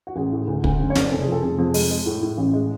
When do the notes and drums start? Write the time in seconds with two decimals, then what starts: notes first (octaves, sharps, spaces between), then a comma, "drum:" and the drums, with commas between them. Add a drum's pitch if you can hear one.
0.07 F#4
0.16 A1 G#4
0.32 A2
0.47 D2
0.64 D2, drum: kick
0.79 F#1
0.90 C#5
0.95 F#1, drum: snare
1.01 D5
1.11 F1 A4
1.22 G#4
1.27 F3
1.32 A4
1.42 F1 G#4
1.58 F2 G#4
1.74 G#3, drum: open hi-hat
1.91 G#3
2.06 A2
2.22 A2
2.38 A1
2.53 G#3